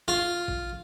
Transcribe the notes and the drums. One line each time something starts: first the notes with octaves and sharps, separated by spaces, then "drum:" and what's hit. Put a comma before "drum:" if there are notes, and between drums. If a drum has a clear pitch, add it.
F4
drum: kick A1